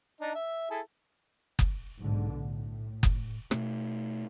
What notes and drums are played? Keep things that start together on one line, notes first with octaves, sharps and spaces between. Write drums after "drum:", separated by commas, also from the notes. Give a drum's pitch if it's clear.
D4 D#4
E5
E4 G#4 A4
drum: kick F#1
B1 G#2 D3
A2
drum: kick F#1
B2 A3, drum: rim click